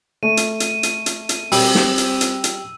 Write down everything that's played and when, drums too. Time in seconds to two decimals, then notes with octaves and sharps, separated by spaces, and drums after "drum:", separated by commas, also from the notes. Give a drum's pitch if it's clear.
0.23 A3 D#7
0.37 drum: hi-hat
0.60 drum: hi-hat
0.83 drum: hi-hat
1.06 drum: hi-hat
1.29 drum: hi-hat
1.52 G3 C4 E6, drum: open hi-hat
1.75 drum: snare
1.98 drum: hi-hat
2.21 drum: hi-hat
2.44 drum: hi-hat